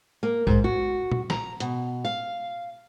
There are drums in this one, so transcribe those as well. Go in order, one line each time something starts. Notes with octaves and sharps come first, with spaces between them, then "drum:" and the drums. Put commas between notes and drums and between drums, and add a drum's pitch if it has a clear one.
A#3
G#2, drum: kick
F#4
drum: tom A#2
A#5, drum: snare
B2, drum: hi-hat
F5